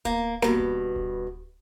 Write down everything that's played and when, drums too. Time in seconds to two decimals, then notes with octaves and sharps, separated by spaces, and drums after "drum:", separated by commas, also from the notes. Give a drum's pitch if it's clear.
0.05 A#3, drum: kick D1
0.42 G2 B2 A#3, drum: snare F#1
0.60 drum: kick D1
0.96 drum: kick D1